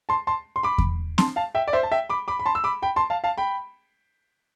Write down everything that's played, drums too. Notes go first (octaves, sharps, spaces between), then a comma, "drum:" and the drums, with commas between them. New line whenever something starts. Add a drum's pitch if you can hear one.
A5 C6
A5 C6
C6
B5 D6
drum: kick E2
A5 C6, drum: snare C4
F5 A5
E5 G5
D5
C5 E5
A5
E5 G5
B5 D6
B5 D6
B5
A5 C6
E6
B5 D6
G5 B5
A5 C6
F5 A5
F5 A5
G5 B5